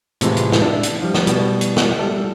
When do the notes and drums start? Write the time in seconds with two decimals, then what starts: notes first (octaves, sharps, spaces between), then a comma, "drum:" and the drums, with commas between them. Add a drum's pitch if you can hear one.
0.21 A2 C3 E3 G#3 F4, drum: hi-hat
0.37 drum: hi-hat
0.52 drum: snare
0.62 D4 E5
0.83 drum: hi-hat
1.02 F3 G3
1.14 drum: snare
1.27 B2 G3, drum: hi-hat
1.61 drum: hi-hat
1.76 drum: snare
1.99 G3 A4 E5